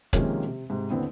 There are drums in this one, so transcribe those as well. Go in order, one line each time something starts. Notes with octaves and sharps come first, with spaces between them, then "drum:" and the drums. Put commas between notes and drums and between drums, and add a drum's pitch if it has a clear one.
C3 D#3 F3 G#3 A#3 C#4, drum: kick, hi-hat
C3
G#2 C3
D#2 D3 B3 C4 E4